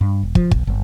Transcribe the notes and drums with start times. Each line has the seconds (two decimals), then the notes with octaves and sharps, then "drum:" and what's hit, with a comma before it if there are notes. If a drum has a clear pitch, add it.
0.01 G2
0.23 E1
0.35 F3, drum: kick
0.51 B1, drum: kick
0.67 G1